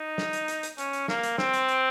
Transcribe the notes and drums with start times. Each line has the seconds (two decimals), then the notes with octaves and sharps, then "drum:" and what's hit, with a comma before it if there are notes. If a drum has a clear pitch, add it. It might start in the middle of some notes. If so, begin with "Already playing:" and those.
Already playing: D#4
0.18 drum: snare
0.33 drum: hi-hat
0.48 drum: hi-hat
0.63 drum: hi-hat
0.78 C#4, drum: hi-hat
0.93 drum: hi-hat
1.08 A#3, drum: snare
1.23 drum: hi-hat
1.38 C4, drum: snare
1.53 drum: hi-hat
1.69 drum: hi-hat